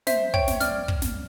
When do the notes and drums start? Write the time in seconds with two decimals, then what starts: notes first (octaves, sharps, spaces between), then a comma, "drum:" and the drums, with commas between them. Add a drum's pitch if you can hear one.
0.07 C5 E5, drum: snare
0.34 C#5 G5, drum: kick
0.48 drum: snare
0.61 D5 F6, drum: snare
0.88 drum: kick
1.02 drum: snare